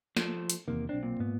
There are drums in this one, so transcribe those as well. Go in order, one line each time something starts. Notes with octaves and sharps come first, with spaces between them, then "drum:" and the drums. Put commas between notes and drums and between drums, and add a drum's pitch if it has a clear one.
F3 A3 A4, drum: snare
drum: hi-hat
E2 C3 D#3 A#3
B1 C4 D4
A#2
G#2 B3